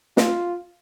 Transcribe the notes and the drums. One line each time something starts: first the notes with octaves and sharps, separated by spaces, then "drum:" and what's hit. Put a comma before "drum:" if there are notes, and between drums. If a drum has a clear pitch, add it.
F4, drum: snare